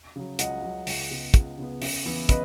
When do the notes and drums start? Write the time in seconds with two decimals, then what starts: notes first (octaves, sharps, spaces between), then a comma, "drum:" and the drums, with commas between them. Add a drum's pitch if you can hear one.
0.16 C#3 F#3
0.39 C#2 D#5 F#5, drum: hi-hat
0.63 C#3 F#3
0.87 C#2, drum: open hi-hat
1.10 C#3 G#3 B3
1.34 C#2, drum: kick, hi-hat
1.58 C#3 G#3 B3
1.82 C#3, drum: open hi-hat
2.06 E3 B3 E4
2.29 C#3 B4 D#5, drum: kick, hi-hat